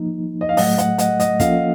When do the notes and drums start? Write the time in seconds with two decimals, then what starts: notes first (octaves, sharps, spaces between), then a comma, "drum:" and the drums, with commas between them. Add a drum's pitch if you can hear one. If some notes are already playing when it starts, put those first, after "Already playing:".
Already playing: F3 A#3 D#4
0.41 D#5
0.49 F5
0.57 A2 F#3 A3 D#5 F#5, drum: open hi-hat
0.78 D#5 F#5, drum: hi-hat
0.98 D#5 F#5, drum: hi-hat
1.20 D#5, drum: hi-hat
1.40 F3 A#3 C#4 F4 A4 F5, drum: kick, hi-hat